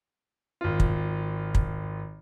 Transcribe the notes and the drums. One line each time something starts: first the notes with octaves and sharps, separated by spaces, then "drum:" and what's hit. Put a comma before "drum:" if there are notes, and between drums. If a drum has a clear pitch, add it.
G#1 F4
drum: kick
drum: kick